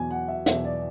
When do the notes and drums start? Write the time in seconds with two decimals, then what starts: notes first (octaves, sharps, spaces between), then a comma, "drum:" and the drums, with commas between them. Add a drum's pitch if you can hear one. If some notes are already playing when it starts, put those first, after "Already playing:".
Already playing: E2 B2 F#3 G#5
0.11 F#5
0.28 E5
0.46 E2 B2 F#3 E5, drum: hi-hat
0.65 D5